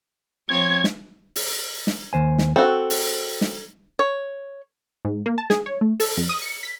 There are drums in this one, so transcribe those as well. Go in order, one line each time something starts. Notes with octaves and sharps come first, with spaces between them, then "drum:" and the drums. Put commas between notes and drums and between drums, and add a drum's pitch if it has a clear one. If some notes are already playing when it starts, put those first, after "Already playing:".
F3 C4 C#5 G#6
drum: snare
drum: open hi-hat
drum: snare
D#2 C5 G#5
drum: snare
C4 F#4 A4
drum: open hi-hat
drum: snare
C#5
G#2
A#3
A5
G#4, drum: snare
C#5
A3
A4, drum: open hi-hat
F2
D#6
C#7
B6